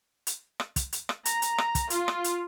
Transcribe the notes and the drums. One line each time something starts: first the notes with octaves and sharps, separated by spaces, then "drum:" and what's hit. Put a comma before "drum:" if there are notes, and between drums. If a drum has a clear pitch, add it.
drum: hi-hat
drum: rim click
drum: kick, hi-hat
drum: hi-hat
drum: rim click
A#5, drum: hi-hat
drum: hi-hat
drum: rim click
drum: kick, hi-hat
F4, drum: hi-hat
drum: rim click
drum: hi-hat